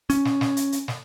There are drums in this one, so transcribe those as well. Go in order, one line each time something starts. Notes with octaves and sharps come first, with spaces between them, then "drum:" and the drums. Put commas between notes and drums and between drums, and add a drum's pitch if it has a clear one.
C#4, drum: hi-hat
drum: snare
drum: snare
drum: hi-hat
drum: hi-hat
drum: snare